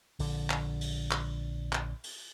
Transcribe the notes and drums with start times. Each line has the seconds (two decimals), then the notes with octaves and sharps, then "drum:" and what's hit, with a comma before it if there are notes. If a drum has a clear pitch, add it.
0.19 A#1 D3, drum: open hi-hat
0.50 drum: clap
0.81 drum: open hi-hat
1.11 drum: clap
1.73 drum: clap
2.03 drum: open hi-hat